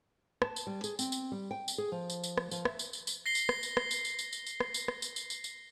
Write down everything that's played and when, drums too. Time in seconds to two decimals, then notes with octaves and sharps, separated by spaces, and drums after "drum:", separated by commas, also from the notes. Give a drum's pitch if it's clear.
0.42 A5, drum: rim click
0.56 drum: tambourine
0.67 G3
0.84 G#4, drum: tambourine
0.99 C4, drum: tambourine
1.12 drum: tambourine
1.32 G3
1.51 G5
1.68 drum: tambourine
1.78 G#4
1.92 F3
2.10 drum: tambourine
2.24 drum: tambourine
2.37 drum: rim click
2.51 F3, drum: tambourine
2.65 E5, drum: rim click
2.79 drum: tambourine
2.93 drum: tambourine
3.07 drum: tambourine
3.26 A#6 C7 G7
3.35 drum: tambourine
3.49 drum: rim click
3.63 drum: tambourine
3.77 drum: rim click
3.91 drum: tambourine
4.05 drum: tambourine
4.19 drum: tambourine
4.33 drum: tambourine
4.47 drum: tambourine
4.60 drum: rim click
4.74 drum: tambourine
4.88 drum: rim click
5.02 drum: tambourine
5.16 drum: tambourine
5.30 drum: tambourine
5.44 drum: tambourine